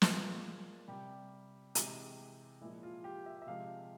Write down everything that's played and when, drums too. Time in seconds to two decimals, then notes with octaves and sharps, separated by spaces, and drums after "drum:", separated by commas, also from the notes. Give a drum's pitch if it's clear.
0.02 A#2 F3 G#3 F4, drum: snare
0.88 C3 G3 G4
1.75 C3 E3 G#3, drum: hi-hat
2.61 A#2 F3 G#3 E4
2.83 F4
3.04 G4
3.26 E5
3.42 E5
3.47 C3 F3 G#3 F5